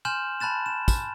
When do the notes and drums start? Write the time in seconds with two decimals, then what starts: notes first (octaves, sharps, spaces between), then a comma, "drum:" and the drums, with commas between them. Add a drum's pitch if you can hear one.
0.05 G#5 C6 F6 G6 E7 F#7
0.40 A5 B5 F#6 A6 E7
0.66 E7
0.88 drum: kick, tambourine